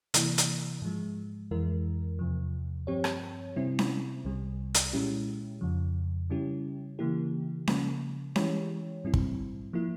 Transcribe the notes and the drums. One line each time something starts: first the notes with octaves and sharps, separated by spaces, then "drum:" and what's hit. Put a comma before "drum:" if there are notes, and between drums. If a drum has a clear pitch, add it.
C3 E3 A#3 E4, drum: hi-hat
drum: hi-hat
G#2 F3 G#3
F2 E3 G#3 E4 A#4
E2 C3 F3
G2 F3 C4 G4 C#5
drum: rim click
C3 G3 C4 E4
drum: snare C#4
C2 C3 G3
drum: hi-hat
A#2 G#3 C#4 E4 G4
F2 C#3 F3
C#3 G3 C#4 E4 G4
C#3 E3 A#3 E4 G4
C#3 F3 A#3, drum: snare C#4
E3 G#3 E4 G4 C#5, drum: snare C#4
G#2 G3 C4 E4
drum: kick
F3 A#3 E4